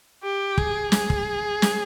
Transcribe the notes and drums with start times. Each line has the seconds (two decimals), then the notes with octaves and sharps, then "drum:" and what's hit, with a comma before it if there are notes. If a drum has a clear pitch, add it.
0.23 G4
0.58 G#4, drum: kick
0.92 G#4, drum: snare
1.10 drum: kick
1.62 drum: snare